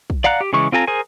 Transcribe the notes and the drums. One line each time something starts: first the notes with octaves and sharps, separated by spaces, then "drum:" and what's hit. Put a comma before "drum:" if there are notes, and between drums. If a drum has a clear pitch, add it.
drum: kick
D5 F5 F#5 A#5 F#6
G4
C#3 E3 G#3 C#6
C4 F4 A4 G#5 A#5
G#4 A#4 C5 G#5